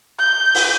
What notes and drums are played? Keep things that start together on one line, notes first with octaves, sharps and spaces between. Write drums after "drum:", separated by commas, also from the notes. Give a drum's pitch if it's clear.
G6
drum: open hi-hat